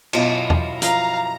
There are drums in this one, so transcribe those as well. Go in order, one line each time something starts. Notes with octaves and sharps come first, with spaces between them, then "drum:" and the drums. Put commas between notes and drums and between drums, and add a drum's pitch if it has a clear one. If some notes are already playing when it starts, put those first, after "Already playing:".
F#2 B2 E4 F4, drum: cymbal
drum: tom
F3 F5 A#5, drum: hi-hat